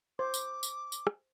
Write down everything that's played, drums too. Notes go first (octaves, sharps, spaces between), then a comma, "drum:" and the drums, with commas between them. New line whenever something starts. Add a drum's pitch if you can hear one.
C5 D6
drum: tambourine
drum: tambourine
drum: tambourine
drum: rim click